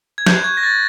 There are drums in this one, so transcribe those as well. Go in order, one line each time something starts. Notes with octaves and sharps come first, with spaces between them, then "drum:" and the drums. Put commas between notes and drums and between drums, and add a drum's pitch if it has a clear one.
G#6
F#6 G6, drum: snare
C#6 G#6
A#6
F#6 A6